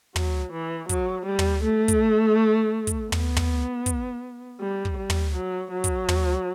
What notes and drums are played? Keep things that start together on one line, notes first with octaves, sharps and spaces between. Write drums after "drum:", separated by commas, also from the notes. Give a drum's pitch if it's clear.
F#3, drum: tom
E3
F#3, drum: kick, hi-hat
G3
drum: tom
A3
drum: kick, hi-hat
drum: kick, hi-hat
B3, drum: tom
drum: tom
drum: kick, hi-hat
G3
drum: kick
G3
drum: tom
F#3
F#3
drum: kick, hi-hat
drum: tom